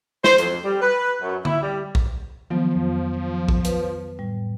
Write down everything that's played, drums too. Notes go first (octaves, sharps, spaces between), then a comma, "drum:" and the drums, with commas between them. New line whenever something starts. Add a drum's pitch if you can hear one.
C5, drum: snare
F2, drum: hi-hat
G3
B4
F#2
E4, drum: tom D3
G3
drum: kick
D#3 F3 F#3 B3
F2
drum: kick
B4, drum: hi-hat
A2 G3